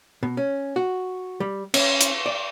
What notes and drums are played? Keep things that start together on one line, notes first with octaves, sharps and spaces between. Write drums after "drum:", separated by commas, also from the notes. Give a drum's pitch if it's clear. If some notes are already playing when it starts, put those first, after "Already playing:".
B2
C#4
F#4
G3
C#4, drum: cymbal
drum: hi-hat
D5